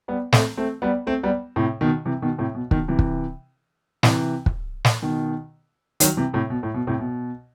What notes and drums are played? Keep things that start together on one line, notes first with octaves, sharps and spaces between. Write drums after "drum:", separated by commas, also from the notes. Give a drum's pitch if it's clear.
G3 B3
A3 C4, drum: snare
A3 C4
G3 B3
A3 C4
G3 B3
A2 C3
B2 D#3
C3 E3
B2 D#3
A2 C3
B2
B2 D#3, drum: kick
C3 E3
drum: kick
C3 E3, drum: snare
drum: kick
drum: snare
B2 D#3
D#3 F#3, drum: hi-hat
C3 E3
A2 C3
B2
A2
B2
A2 C3
B2